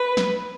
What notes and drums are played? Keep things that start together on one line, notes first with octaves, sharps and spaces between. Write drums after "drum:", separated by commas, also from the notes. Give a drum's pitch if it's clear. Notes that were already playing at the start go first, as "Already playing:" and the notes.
Already playing: B4
drum: snare